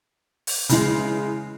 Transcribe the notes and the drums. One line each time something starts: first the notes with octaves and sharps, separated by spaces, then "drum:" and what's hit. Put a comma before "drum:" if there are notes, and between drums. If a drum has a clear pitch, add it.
drum: open hi-hat
C#3 E3 G#3, drum: hi-hat